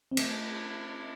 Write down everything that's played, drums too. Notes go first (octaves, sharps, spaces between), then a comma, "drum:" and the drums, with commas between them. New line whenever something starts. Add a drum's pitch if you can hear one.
C4
A3, drum: cymbal